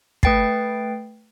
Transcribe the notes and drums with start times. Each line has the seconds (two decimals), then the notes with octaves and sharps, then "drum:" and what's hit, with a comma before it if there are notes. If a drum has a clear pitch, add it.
0.23 A3 B4 G5 A6 C7, drum: kick